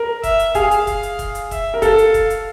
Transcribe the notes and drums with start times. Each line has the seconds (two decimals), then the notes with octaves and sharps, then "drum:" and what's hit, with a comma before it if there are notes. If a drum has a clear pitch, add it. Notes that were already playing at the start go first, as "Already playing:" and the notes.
Already playing: A#4
0.23 E5, drum: kick F1, hi-hat
0.39 drum: hi-hat
0.55 G#4 F5, drum: kick F1, hi-hat
0.71 drum: hi-hat
0.87 drum: kick F1, hi-hat
1.03 drum: hi-hat
1.19 drum: kick F1, hi-hat
1.35 drum: hi-hat
1.51 E5, drum: kick F1, hi-hat
1.74 A#4
1.82 A4 F5, drum: kick F1, hi-hat
1.98 drum: hi-hat
2.14 drum: kick F1, hi-hat
2.30 drum: hi-hat